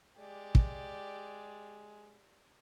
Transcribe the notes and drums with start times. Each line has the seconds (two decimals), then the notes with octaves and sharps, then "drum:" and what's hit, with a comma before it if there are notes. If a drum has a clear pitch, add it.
0.19 G#3 G4 D5
0.55 drum: kick